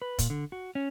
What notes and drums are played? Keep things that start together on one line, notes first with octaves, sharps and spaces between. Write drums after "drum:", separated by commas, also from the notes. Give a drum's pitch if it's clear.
B4
A#2, drum: kick, hi-hat
D3
F#4
C#4